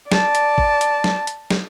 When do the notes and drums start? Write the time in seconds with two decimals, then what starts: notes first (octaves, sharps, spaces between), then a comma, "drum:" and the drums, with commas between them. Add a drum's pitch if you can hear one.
0.12 D5 A5, drum: snare
0.35 drum: hi-hat
0.58 drum: kick
0.81 drum: hi-hat
1.04 drum: snare
1.27 drum: hi-hat
1.50 drum: snare